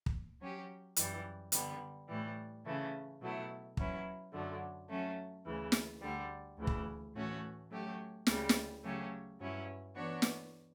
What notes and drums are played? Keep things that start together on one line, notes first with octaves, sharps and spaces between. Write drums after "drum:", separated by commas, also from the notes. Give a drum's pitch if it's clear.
drum: kick
F#3 C#4 G4
F#2 E3 G3, drum: hi-hat
D3 G3 B3, drum: hi-hat
A2 E3 G3
C#3 E3 A3 C#4
B2 F#3 A3 E4
F#3 C#4 E4 B4, drum: kick
F#2 D3 F#3 A3
F#3 A3 C#4
D2 C#3 E3
drum: snare
D2 D3 G3
D2 C#3 E3
drum: kick
A2 E3 A3 C#4 F#4
F#3 A3 C#4 G4
D2 C#3 G3, drum: snare
drum: snare
C#3 F#3 A3 C#4 G4
G2 F#3 C#4 E4
E3 B3 D4 F#4 C#5
drum: snare